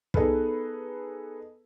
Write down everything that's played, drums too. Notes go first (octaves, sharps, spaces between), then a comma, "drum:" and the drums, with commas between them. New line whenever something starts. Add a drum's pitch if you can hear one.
B3 D#4 G#4 A4 B4, drum: kick